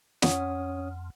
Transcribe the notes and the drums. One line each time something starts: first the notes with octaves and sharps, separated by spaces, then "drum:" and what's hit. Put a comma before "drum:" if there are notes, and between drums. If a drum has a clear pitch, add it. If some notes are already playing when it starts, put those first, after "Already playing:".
F2 C#4 C#5 F#5 D#6, drum: snare